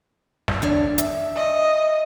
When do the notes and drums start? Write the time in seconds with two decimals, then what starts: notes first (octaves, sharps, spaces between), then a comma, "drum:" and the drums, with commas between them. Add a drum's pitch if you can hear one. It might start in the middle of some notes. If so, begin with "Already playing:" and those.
0.48 drum: snare
0.62 D2 D4 C#5
0.98 E5, drum: hi-hat
1.36 D#5